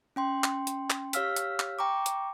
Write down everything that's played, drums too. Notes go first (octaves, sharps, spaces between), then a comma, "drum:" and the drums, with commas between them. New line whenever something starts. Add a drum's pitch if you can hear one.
C#4 G5 C6
drum: clap
drum: hi-hat
drum: clap
G4 C#5 F5 E6 F6 B6, drum: hi-hat
drum: hi-hat
drum: clap
G5 A#5 C#6 D6
drum: hi-hat